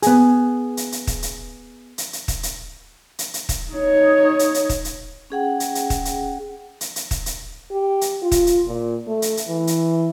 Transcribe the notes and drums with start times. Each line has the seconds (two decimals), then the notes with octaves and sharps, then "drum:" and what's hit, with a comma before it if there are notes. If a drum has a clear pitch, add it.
0.02 B3 G#4, drum: hi-hat
0.77 drum: hi-hat
0.92 drum: hi-hat
1.07 drum: kick, hi-hat
1.22 drum: hi-hat
1.98 drum: hi-hat
2.13 drum: hi-hat
2.28 drum: kick, hi-hat
2.43 drum: hi-hat
3.19 drum: hi-hat
3.34 drum: hi-hat
3.49 drum: kick, hi-hat
3.73 D#4 C#5
4.39 drum: hi-hat
4.54 drum: hi-hat
4.69 drum: kick, hi-hat
4.85 drum: hi-hat
5.30 C#4 G#4 F#5 G5
5.60 drum: hi-hat
5.75 drum: hi-hat
5.90 drum: kick, hi-hat
6.05 drum: hi-hat
6.81 drum: hi-hat
6.96 drum: hi-hat
7.11 drum: kick, hi-hat
7.26 drum: hi-hat
7.71 G4
8.01 drum: hi-hat
8.22 F4
8.32 drum: kick, hi-hat
8.47 drum: hi-hat
8.67 A#2
9.07 A3
9.22 drum: hi-hat
9.37 drum: hi-hat
9.48 E3
9.67 drum: hi-hat